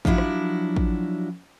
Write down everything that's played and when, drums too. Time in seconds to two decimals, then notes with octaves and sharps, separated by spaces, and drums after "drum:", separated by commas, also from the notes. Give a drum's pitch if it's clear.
0.05 F3 F#3 D4 E4 F#4, drum: kick A1
0.18 drum: rim click
0.77 drum: kick A1